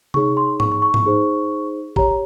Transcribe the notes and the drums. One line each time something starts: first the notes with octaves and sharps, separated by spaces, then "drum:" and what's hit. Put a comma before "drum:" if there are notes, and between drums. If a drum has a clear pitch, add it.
D#4 G#4 C#5 C#6, drum: tom C3
C6
C#6, drum: tom G#2
C#6
C#6
C#6, drum: tom G#2
D#4 G#4 C5
G4 C#5 A#5, drum: kick